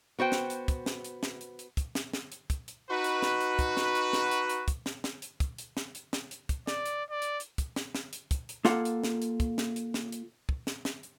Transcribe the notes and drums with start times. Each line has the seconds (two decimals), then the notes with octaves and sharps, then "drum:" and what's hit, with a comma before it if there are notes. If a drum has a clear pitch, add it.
0.19 B3 F#4 C5 G5
0.32 drum: snare
0.50 drum: hi-hat
0.68 drum: kick, hi-hat
0.86 drum: snare
1.05 drum: hi-hat
1.23 drum: snare
1.41 drum: hi-hat
1.59 drum: hi-hat
1.77 drum: kick, hi-hat
1.95 drum: snare
2.13 drum: snare
2.32 drum: hi-hat
2.50 drum: kick, hi-hat
2.68 drum: hi-hat
2.89 D#4 F#4 B4
3.04 drum: hi-hat
3.22 drum: snare
3.41 drum: hi-hat
3.59 drum: kick, hi-hat
3.77 drum: snare
3.95 drum: hi-hat
4.13 drum: snare
4.31 drum: hi-hat
4.50 drum: hi-hat
4.68 drum: kick, hi-hat
4.86 drum: snare
5.04 drum: snare
5.22 drum: hi-hat
5.40 drum: kick, hi-hat
5.58 drum: hi-hat
5.77 drum: snare
5.95 drum: hi-hat
6.13 drum: snare
6.31 drum: hi-hat
6.49 drum: kick, hi-hat
6.67 D5, drum: snare
6.86 drum: hi-hat
7.10 D5
7.22 drum: hi-hat
7.40 drum: hi-hat
7.58 drum: kick, hi-hat
7.76 drum: snare
7.95 drum: snare
8.13 drum: hi-hat
8.31 drum: kick, hi-hat
8.49 drum: hi-hat
8.65 A#3 F4 A4 F#5, drum: snare
8.85 drum: hi-hat
9.03 drum: snare
9.22 drum: hi-hat
9.40 drum: kick, hi-hat
9.58 drum: snare
9.76 drum: hi-hat
9.94 drum: snare
10.12 drum: hi-hat
10.49 drum: kick
10.67 drum: snare
10.85 drum: snare
11.03 drum: hi-hat